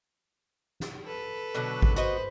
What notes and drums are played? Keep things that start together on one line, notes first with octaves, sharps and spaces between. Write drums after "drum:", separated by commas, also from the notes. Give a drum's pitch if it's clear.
drum: snare
A4 B4
B2 D3 F#3
drum: kick G#1
F#4 B4 C5 D#5, drum: hi-hat